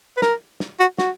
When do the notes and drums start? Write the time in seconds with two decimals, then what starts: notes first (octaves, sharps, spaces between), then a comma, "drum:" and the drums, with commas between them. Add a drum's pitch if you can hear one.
0.17 B4
0.22 A#4, drum: snare
0.60 drum: snare
0.80 F#4
0.98 F#4, drum: snare